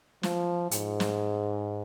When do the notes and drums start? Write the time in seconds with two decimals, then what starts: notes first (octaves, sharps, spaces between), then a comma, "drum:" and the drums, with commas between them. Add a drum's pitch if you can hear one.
0.23 F3, drum: snare
0.71 G#2, drum: hi-hat
1.00 drum: snare